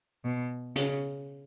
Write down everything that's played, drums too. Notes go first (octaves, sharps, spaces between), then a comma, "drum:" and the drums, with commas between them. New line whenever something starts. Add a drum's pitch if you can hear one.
B2
C#3, drum: hi-hat